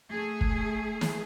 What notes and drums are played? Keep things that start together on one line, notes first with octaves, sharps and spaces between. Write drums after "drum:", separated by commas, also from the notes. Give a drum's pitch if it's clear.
A3 G#4
drum: kick
drum: snare